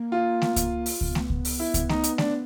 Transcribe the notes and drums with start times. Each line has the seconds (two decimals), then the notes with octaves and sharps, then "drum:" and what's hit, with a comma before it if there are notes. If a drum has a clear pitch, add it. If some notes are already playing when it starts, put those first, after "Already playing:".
Already playing: A#3
0.12 F4
0.42 drum: snare A3
0.56 drum: kick C#2, hi-hat
0.86 drum: open hi-hat
1.01 B3, drum: kick C#2
1.15 drum: snare A3
1.30 drum: kick C#2
1.45 drum: open hi-hat
1.60 E4
1.74 drum: kick C#2, hi-hat
1.89 D#4, drum: snare A3
2.04 drum: hi-hat
2.18 D4, drum: snare A3